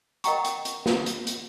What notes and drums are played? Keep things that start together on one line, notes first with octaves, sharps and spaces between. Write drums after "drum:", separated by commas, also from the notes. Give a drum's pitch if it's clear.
A#4 D#5 F#5 G5 A#5 C#6, drum: hi-hat
drum: hi-hat
drum: hi-hat
drum: snare
drum: hi-hat
drum: hi-hat